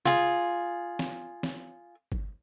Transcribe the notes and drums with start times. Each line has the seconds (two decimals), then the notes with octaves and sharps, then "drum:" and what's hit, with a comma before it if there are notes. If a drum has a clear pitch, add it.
0.05 F4 G#4, drum: tom
0.99 drum: snare
1.43 drum: snare
2.12 drum: kick G1